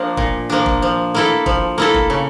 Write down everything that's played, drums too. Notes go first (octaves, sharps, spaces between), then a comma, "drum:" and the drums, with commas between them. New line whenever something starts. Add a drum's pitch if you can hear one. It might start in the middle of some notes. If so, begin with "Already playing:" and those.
Already playing: F3 A#3 D4
A#2, drum: kick
F3 A#3 D4
drum: kick
F3
A#3 E4 A4
F3, drum: kick
A#3 E4 A4
drum: kick
C#3